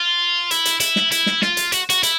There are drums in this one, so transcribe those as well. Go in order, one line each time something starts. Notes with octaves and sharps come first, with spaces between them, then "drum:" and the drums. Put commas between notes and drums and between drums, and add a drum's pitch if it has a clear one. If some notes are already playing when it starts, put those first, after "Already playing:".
Already playing: F4
E4, drum: hi-hat
drum: hi-hat
E4, drum: hi-hat
drum: snare
E4, drum: hi-hat
drum: snare
F4, drum: snare
drum: hi-hat
F#4, drum: hi-hat
F#4, drum: hi-hat
E4, drum: hi-hat